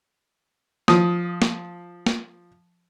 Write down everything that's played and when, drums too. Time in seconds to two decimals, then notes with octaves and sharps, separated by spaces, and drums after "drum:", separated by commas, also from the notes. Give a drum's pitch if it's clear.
0.88 F3 D#6, drum: snare
1.42 drum: snare
2.06 drum: snare